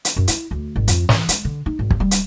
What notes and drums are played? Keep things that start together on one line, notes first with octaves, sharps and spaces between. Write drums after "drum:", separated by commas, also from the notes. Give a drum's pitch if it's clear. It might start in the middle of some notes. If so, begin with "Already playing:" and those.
drum: hi-hat
F#2
E4, drum: hi-hat
D2
G#1
F2, drum: hi-hat
E3, drum: snare
G#3, drum: hi-hat
D3
D#4
G#1
drum: kick
G3
drum: hi-hat